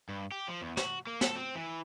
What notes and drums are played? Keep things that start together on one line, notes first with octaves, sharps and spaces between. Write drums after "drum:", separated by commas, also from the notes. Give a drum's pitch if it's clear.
G2
G4
F3
E2
F#4, drum: snare
A#3
A4, drum: snare
C4
E3